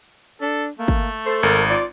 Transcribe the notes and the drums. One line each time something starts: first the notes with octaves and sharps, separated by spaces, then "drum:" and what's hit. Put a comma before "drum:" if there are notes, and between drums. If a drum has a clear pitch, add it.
D4 A4
A3 A#3
drum: kick
A4 C5
G#1 A#4
F4 D5